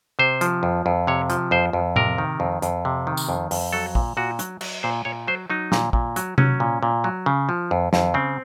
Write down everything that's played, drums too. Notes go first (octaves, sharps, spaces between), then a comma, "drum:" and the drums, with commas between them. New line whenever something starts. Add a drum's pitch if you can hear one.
C3 C5
F3, drum: hi-hat
F2
F2
C3 C#5
F3, drum: hi-hat
F2 C5
F2
C3 A#4, drum: tom A2
D#3
F2
F2, drum: hi-hat
C3
D#3
drum: tambourine
F2
F2, drum: open hi-hat
F#3 A4
A#2, drum: kick A1
A#2 F#4
F#3, drum: hi-hat
F#3, drum: cymbal
A#2 C5
A#2 C#5
F#3 C5
F#3 D#4
A#2, drum: snare
A#2, drum: kick A1
F#3, drum: hi-hat
F#3 C#4, drum: tom C3
A#2
A#2
F#3
C#3
F3
F2
F2, drum: snare
C#3 C4